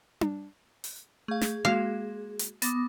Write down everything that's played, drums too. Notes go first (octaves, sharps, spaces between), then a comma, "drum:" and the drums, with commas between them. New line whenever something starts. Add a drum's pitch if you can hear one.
drum: tom D4
drum: open hi-hat
A3 G#4 F5
drum: snare
G#3 A#3 F#4 F5
drum: hi-hat
B3 D6 D#6 A6 A#6, drum: hi-hat